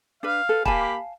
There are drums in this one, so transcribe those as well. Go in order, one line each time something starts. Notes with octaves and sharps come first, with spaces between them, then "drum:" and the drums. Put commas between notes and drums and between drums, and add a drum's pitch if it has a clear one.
D4 B4 F5
A4 B4
A#3 G4 F5 G#5 A5 B5, drum: kick